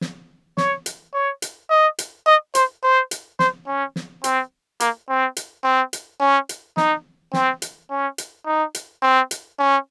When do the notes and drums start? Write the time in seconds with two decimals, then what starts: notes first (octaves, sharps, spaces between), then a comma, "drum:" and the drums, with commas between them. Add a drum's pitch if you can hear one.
0.01 drum: snare
0.57 C#5, drum: snare
0.86 drum: hi-hat
1.14 C#5
1.42 drum: hi-hat
1.70 D#5
1.99 drum: hi-hat
2.27 D#5
2.55 C5, drum: hi-hat
2.84 C5
3.11 drum: hi-hat
3.39 C5, drum: snare
3.67 C#4
3.96 drum: snare
4.24 C4, drum: hi-hat
4.80 A#3, drum: hi-hat
5.09 C4
5.37 drum: hi-hat
5.64 C4
5.93 drum: hi-hat
6.21 C#4
6.49 drum: hi-hat
6.77 D#4, drum: snare
7.33 C4, drum: snare
7.62 drum: hi-hat
7.90 C#4
8.18 drum: hi-hat
8.46 D#4
8.75 drum: hi-hat
9.03 C4
9.31 drum: hi-hat
9.59 C#4